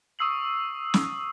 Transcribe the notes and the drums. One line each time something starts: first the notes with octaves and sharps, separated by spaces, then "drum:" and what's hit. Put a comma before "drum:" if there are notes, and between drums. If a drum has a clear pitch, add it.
C#6 D#6 E6 C7 F#7
drum: snare